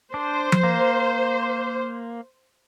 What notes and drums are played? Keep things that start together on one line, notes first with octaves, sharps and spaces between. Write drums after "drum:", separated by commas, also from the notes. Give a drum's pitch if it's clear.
D4 C5
drum: tom F3
A#3